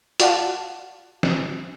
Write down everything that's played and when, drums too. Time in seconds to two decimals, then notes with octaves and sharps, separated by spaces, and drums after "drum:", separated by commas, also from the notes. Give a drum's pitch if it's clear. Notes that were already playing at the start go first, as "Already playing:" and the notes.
0.20 F4 F#4 D5 F5 F#5 A5, drum: hi-hat
1.23 drum: snare